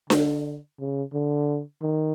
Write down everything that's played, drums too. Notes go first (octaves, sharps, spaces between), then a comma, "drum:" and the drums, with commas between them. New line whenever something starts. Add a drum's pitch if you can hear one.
D3, drum: snare D4
C#3
D3
D#3